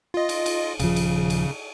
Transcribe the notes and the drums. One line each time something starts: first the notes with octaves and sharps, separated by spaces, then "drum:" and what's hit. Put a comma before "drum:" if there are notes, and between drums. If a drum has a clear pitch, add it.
F4 D#5
drum: cymbal
drum: cymbal
D#1 C#3 F3, drum: cymbal
drum: cymbal
drum: cymbal